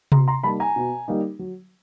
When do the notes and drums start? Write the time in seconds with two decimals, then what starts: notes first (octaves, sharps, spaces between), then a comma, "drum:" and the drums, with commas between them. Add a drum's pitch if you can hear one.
0.12 B2 A#5 C6, drum: tom C3
0.28 A#5 C6
0.43 G3 A#3 D#4 A5 B5
0.60 G#5 A#5
0.76 B2
1.08 G3 A#3 D#4
1.39 F#3